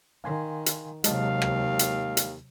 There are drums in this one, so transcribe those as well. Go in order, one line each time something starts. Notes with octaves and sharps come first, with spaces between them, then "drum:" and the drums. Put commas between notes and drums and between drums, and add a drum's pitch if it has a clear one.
D#3 F5 G#5 C6
drum: hi-hat
D#2 C3 F#3 G#3 D#5 F5 A5, drum: hi-hat
drum: rim click
drum: hi-hat
drum: hi-hat